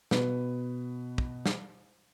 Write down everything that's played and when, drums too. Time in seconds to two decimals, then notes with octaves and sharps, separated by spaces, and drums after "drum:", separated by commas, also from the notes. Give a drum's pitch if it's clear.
0.11 B2 B4, drum: snare
1.18 drum: kick
1.46 drum: snare